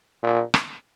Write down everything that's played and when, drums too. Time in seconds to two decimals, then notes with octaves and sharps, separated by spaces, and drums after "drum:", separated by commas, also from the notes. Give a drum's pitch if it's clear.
0.23 A#2
0.54 drum: rim click